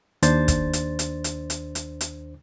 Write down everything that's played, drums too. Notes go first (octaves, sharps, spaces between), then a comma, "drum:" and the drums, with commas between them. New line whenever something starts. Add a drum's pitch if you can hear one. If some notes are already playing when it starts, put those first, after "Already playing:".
D#2 D4 C5 A6, drum: hi-hat
drum: kick, hi-hat
drum: hi-hat
drum: hi-hat
drum: hi-hat
drum: hi-hat
drum: hi-hat
drum: hi-hat